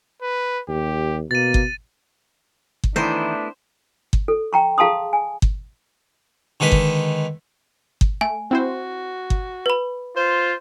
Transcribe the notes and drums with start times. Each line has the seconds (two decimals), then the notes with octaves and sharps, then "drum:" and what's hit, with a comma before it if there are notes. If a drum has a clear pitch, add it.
0.22 B4
0.68 D#2 G4
1.31 B2 A#3 A6 D#7
1.54 drum: kick G1
2.84 drum: kick G1
2.96 D#3 E3 A3 B3 D4 E4 C5
4.13 drum: kick G1
4.28 A4
4.53 G5 A#5 C#6
4.78 G#4 F5 A5 A#5 C6 D#6
5.13 G#5
5.42 drum: kick G1
6.60 D3 D#3 G#3 B4
6.72 drum: kick G1
8.01 drum: kick G1
8.21 A3 G#5
8.51 C4 E4 F#4 C5
9.30 drum: kick G1
9.66 B4 B5
10.17 F4 C5